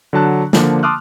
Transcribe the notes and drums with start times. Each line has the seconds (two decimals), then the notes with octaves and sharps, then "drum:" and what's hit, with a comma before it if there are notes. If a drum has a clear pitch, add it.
0.13 D3 F#3 A5 F#6
0.53 D3 F3 A#3 D4 F4, drum: snare
0.83 A5 C6 D6 D#6 F6 F#6